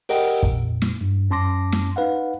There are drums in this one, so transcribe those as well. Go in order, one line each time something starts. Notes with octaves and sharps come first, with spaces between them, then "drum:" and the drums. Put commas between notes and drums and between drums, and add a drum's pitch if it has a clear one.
G4 A#4 D#5 F#5 G5, drum: open hi-hat
F2 A#2, drum: kick
drum: snare
G2
F#2 C#4 A5 C6 D6 A#6
drum: snare
D#4 B4 F5 F#5